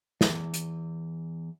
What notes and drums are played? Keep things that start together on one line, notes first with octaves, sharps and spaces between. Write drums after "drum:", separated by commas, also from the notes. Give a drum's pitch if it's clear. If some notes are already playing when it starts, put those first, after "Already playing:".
E2, drum: snare
drum: hi-hat